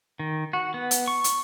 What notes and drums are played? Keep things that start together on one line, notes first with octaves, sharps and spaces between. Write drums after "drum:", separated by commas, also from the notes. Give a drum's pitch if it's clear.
D#3
F#4
B3
drum: hi-hat
C#6
drum: hi-hat